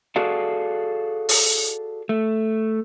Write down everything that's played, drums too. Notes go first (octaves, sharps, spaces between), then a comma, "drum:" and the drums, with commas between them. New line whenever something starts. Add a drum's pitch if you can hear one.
F#4 G#4 A4 D5 F5
drum: open hi-hat
A3